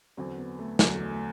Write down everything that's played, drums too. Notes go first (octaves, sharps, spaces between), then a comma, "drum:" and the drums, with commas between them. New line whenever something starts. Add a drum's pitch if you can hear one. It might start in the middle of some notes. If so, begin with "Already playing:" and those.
E2 D3 F#3 C4
B3
A3
E2 D3 F#3 A3, drum: snare
A3
A3